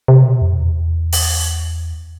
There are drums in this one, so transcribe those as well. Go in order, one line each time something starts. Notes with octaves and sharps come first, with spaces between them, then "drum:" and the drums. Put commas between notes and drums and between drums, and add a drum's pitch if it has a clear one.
C3
B2
F2
E2
drum: open hi-hat